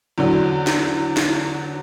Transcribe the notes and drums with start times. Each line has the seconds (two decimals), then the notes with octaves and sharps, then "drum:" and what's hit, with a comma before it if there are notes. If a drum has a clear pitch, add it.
0.18 E2 D3 F#3
0.67 drum: snare
1.17 drum: snare